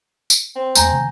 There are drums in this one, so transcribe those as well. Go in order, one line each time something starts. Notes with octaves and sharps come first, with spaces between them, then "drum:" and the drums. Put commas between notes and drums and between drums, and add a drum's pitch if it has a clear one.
drum: tambourine
C4
E2 A3 A#3 G#5 A#5 G6, drum: tambourine
C3 D#3 A3